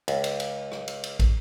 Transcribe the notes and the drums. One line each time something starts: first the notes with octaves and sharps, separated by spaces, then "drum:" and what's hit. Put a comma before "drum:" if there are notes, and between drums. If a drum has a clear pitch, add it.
C#2, drum: cymbal
drum: cymbal
drum: cymbal
drum: rim click
drum: cymbal
drum: cymbal
drum: kick, cymbal